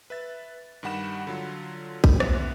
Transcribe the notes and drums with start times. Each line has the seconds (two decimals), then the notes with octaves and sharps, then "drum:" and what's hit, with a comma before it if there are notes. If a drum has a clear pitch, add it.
0.10 B4 E5 A6
0.83 G2 D#3 G3 F#5 B5 E7
1.27 D3 F#3 F4
2.04 drum: kick
2.20 G#1 B3 F4 B4 E5 F#6, drum: rim click